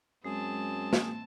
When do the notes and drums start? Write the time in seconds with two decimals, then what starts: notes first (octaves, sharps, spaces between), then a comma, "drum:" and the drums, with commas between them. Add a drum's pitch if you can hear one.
0.24 F#2 G#3 C4 G#4 A5
0.93 drum: snare